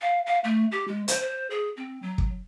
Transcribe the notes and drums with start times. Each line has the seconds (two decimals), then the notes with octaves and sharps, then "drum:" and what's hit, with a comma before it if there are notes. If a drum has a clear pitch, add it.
0.02 F5
0.26 F5
0.44 A3
0.72 G4
0.88 G#3
1.08 C5, drum: hi-hat
1.21 C5
1.50 G#4
1.77 C4
2.02 F#3
2.18 drum: kick